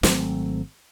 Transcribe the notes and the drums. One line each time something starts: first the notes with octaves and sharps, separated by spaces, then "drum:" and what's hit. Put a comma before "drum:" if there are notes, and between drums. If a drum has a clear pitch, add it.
G#1 F#3 A3 C4, drum: snare